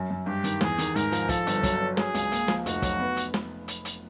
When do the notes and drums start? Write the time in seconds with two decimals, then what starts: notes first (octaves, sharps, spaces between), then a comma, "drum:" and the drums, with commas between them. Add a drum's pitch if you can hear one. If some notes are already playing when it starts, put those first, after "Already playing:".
Already playing: F#2
0.11 F#2
0.26 G2 G4
0.44 D#3, drum: hi-hat
0.61 E2 G#4, drum: snare
0.78 D#3, drum: hi-hat
0.96 G#2 A#4, drum: hi-hat
1.12 F3, drum: hi-hat
1.29 F3 A4, drum: kick, hi-hat
1.47 G1, drum: hi-hat
1.63 F#3, drum: kick, hi-hat
1.81 F#3
1.97 F#3 G#4, drum: snare
2.15 C#2, drum: hi-hat
2.32 A#3, drum: hi-hat
2.48 F3, drum: snare
2.66 F1 F#4, drum: hi-hat
2.82 F#3, drum: kick, hi-hat
2.99 B3
3.17 drum: hi-hat
3.34 drum: snare
3.68 drum: hi-hat
3.85 drum: hi-hat